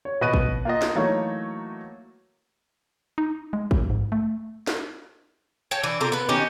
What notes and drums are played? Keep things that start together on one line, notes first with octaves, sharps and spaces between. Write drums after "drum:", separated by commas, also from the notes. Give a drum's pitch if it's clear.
C#5
B2 B4 D#5 C#6 F#6 D#7
drum: kick A1
A#3 F4 D#5
drum: snare
E3 F#3 A3 A#3 D#4 C#5
D#4
G#3
drum: kick A1
G#2
A3
drum: snare
C#5 G5 A5
E3 D4
C3 F4 A4 A#4
B3 B4
D#3 C#4 D#4 G4